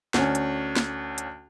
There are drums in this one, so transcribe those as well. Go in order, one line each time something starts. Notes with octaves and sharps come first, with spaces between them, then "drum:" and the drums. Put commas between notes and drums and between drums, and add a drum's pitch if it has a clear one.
D2 C#4, drum: snare
drum: hi-hat
drum: snare
drum: hi-hat